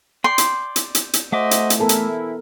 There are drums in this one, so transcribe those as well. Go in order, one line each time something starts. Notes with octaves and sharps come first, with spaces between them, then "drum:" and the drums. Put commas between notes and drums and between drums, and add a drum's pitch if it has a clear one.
D5 G5 C6
drum: hi-hat
drum: hi-hat
drum: hi-hat
drum: hi-hat
A3 F#4 C5 D#5 E5 D6
drum: hi-hat
drum: hi-hat
E3 B3 E4 A4 A#4
drum: hi-hat